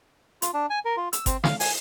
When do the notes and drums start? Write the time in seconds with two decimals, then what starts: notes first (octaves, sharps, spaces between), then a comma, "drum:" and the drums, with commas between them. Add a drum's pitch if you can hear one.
0.42 F4, drum: hi-hat
0.54 D4
0.70 G#5
0.85 A#4
0.97 F4
1.13 E6, drum: hi-hat
1.26 C4, drum: kick G1, hi-hat
1.44 F5, drum: snare
1.60 G#5, drum: open hi-hat